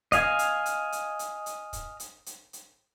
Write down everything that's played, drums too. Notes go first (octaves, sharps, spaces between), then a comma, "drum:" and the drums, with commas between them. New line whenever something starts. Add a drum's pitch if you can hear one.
D#5 F5 G#5, drum: kick, hi-hat
drum: hi-hat
drum: hi-hat
drum: hi-hat
drum: hi-hat
drum: hi-hat
drum: kick, hi-hat
drum: hi-hat
drum: hi-hat
drum: hi-hat